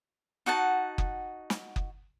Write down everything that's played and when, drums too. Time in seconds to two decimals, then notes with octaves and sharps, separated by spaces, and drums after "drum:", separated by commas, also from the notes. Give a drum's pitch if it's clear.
0.46 D#4 F#4 F#5 A5
0.98 drum: kick F#1
1.50 drum: snare
1.76 drum: kick F#1